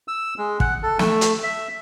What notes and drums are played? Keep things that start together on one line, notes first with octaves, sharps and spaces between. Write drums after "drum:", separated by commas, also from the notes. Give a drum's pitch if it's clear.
E6
G#3
F#5, drum: kick
A4
A3, drum: snare
drum: hi-hat
E5